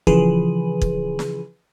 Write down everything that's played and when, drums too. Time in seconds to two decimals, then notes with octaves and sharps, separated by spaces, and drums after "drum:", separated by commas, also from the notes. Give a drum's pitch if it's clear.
0.07 C#3 E3 F3 G#4 B4, drum: kick
0.81 drum: kick
1.19 drum: snare